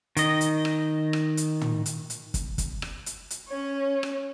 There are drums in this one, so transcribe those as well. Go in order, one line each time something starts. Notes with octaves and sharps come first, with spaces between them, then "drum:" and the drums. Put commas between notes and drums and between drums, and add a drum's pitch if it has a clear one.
D#3 D#5, drum: hi-hat
drum: hi-hat
drum: rim click
drum: rim click
drum: hi-hat
drum: tom
drum: hi-hat
drum: hi-hat
drum: kick, hi-hat
drum: kick, hi-hat
drum: rim click
drum: hi-hat
drum: hi-hat
C#4 C#5
drum: rim click